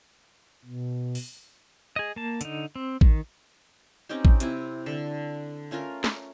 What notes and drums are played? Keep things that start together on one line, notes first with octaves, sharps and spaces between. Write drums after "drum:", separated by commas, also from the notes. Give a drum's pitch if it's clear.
B2
drum: open hi-hat
G#4 D#5
A#3 A5
D3 D#4, drum: hi-hat
C4
D#3, drum: kick A1
C4 C#4 D#4 G4
drum: kick A1
C3 C4 E4, drum: hi-hat
D3 A4
A3 C#4 F4 A#4
drum: snare